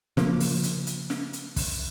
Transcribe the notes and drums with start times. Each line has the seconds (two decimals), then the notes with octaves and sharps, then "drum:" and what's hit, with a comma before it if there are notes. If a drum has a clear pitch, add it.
0.17 C#3 F3 A#3, drum: snare
0.40 drum: open hi-hat
0.63 drum: hi-hat
0.87 drum: hi-hat
1.10 drum: snare
1.33 drum: hi-hat
1.56 drum: kick, open hi-hat